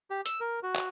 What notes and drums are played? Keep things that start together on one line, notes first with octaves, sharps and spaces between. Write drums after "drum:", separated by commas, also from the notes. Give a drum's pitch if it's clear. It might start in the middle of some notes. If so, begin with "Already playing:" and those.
G4
E6, drum: hi-hat
A#4
F#4
drum: clap